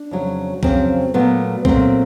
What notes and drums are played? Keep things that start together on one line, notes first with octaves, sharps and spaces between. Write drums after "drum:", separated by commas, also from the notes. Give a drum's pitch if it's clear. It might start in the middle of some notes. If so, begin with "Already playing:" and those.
Already playing: D4
F2 C#3 F#3
F2 C#3 F#3 C4, drum: kick B1
A#2 F#3 A3 B3
A#2 F#3 A3 C4, drum: kick B1